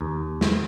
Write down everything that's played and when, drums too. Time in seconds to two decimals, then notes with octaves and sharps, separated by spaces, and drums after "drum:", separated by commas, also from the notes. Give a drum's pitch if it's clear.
0.01 D#2
0.41 drum: snare